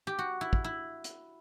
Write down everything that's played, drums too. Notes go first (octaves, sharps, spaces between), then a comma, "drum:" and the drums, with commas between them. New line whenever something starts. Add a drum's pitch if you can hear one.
G4
F#4
E4
drum: kick
E4
drum: hi-hat